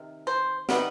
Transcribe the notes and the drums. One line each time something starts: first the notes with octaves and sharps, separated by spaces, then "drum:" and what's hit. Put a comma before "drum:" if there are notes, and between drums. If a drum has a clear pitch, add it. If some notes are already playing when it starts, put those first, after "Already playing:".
Already playing: C3 D#3
C5
C3 D#3 G3 B3, drum: snare